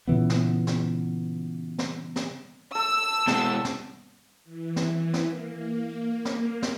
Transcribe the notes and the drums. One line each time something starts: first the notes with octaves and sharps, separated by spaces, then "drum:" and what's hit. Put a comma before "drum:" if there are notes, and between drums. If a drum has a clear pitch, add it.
A#2 C#3 E3 B3
drum: snare
drum: snare
drum: snare
drum: snare
A4 E6
B2 G#3 A5, drum: snare
drum: snare
E3
drum: snare
drum: snare
A#3
drum: snare
drum: snare